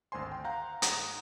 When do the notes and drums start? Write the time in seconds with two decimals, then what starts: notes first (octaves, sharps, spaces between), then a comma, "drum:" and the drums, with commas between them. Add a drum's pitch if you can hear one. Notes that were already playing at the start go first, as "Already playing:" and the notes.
0.12 G#1 D2 C5 G#5 C6
0.32 G5
0.44 F5 F#5 A#5 G6
0.82 G#2 F#5 A#5 D#6 A#6, drum: hi-hat